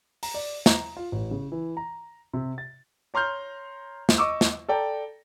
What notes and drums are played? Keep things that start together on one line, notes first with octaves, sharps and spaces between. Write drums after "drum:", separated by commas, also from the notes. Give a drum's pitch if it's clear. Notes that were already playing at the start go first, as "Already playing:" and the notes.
A#5, drum: open hi-hat
D5
A#5, drum: snare
F4
A1
C#3
E3
A#5
C3
A6
C#5 A#5 C6 F6 G6
drum: snare
D#5 C#6 D6 E6
drum: snare
A4 D5 G5 A#5